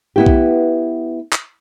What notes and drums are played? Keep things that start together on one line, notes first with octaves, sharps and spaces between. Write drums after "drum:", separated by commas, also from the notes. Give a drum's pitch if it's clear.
B3 E4 G4
drum: kick B1
drum: clap